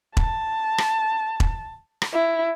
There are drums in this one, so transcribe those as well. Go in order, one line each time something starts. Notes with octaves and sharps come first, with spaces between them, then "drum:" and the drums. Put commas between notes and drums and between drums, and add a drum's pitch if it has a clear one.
A5, drum: kick E1
drum: rim click
drum: kick E1
drum: rim click
E4